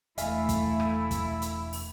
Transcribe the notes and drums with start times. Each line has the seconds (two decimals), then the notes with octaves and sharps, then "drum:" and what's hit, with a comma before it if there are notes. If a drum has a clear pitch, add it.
0.18 E1 E2 A3 E4 E5 F5 G#5, drum: hi-hat
0.49 drum: kick, hi-hat
0.80 drum: rim click
1.11 drum: kick, hi-hat
1.42 drum: hi-hat
1.73 drum: open hi-hat